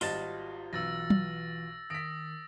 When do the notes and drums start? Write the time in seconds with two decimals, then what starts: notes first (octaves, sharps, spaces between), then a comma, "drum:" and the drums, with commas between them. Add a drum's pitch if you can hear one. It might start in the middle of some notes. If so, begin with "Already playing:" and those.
0.01 G#1 G3 F4 F#4 D#5 A5, drum: open hi-hat
0.73 B1 E3 E6 A6 A#6
1.10 drum: tom F#3
1.90 D#3 D#6 A#6 B6 D7